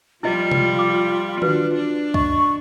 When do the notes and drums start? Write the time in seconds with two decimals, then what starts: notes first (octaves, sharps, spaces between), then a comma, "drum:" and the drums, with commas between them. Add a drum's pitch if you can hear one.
0.23 F3 G3 E4 F4 D#5
0.51 drum: tom C3
0.79 D6
1.42 D4 F#4 B4, drum: tom D#3
1.75 D4
2.14 D#5 C#6, drum: kick